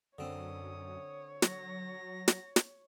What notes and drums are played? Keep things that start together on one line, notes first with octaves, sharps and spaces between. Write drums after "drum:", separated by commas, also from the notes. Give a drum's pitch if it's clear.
F#2 D3 C4 C#5 D#6
F#3 A#6, drum: snare
drum: snare
drum: snare